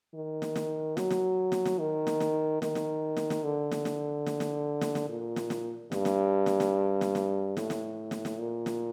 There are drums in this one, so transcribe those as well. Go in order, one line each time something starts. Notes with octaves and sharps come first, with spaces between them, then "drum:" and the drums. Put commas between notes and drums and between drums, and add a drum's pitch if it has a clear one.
D#3
drum: snare
drum: snare
F#3, drum: snare
drum: snare
drum: snare
drum: snare
D#3
drum: snare
drum: snare
D#3, drum: snare
drum: snare
drum: snare
drum: snare
D3
drum: snare
drum: snare
drum: snare
drum: snare
drum: snare
drum: snare
A#2
drum: snare
drum: snare
G2, drum: snare
drum: snare
drum: snare
drum: snare
drum: snare
drum: snare
A2, drum: snare
drum: snare
drum: snare
drum: snare
A#2
drum: snare